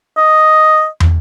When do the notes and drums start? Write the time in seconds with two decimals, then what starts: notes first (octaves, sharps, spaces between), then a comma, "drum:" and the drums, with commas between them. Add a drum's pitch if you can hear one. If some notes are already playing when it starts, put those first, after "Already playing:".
0.17 D#5
1.00 drum: tom